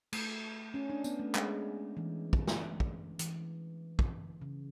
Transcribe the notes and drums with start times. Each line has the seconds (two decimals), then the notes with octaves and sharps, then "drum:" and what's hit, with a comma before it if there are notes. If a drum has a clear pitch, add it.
0.13 A3, drum: cymbal
0.74 C#4
0.90 D4
1.04 B3, drum: tambourine
1.19 A3
1.35 G#3, drum: clap
1.97 E3
2.33 drum: kick
2.47 drum: snare
2.80 drum: kick
3.19 E3, drum: hi-hat
3.99 drum: kick
4.41 C#3